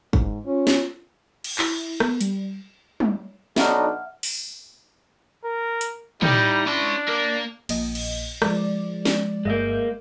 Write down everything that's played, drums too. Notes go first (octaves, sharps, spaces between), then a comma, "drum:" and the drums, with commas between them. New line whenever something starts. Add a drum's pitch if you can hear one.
G#2, drum: kick
C#4 F4
drum: snare
drum: cymbal
E4, drum: clap
B3, drum: rim click
G3, drum: hi-hat
drum: tom
B1 D4 D#4 E5 F#5 F6, drum: snare
drum: open hi-hat
A#4
drum: hi-hat
G3 D#4 E4, drum: tom
C#4 D4 C6
A#3 A#4 D5
A#1 A#2 D#5, drum: cymbal
drum: cymbal
F3 G#3 D5, drum: rim click
drum: snare
G1 G#3 A#3 E5 G6